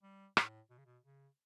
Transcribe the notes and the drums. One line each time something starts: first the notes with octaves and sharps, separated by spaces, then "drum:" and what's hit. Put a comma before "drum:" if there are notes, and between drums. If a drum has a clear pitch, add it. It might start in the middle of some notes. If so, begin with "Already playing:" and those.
G3
A2, drum: rim click
B2
C#3
B2
C#3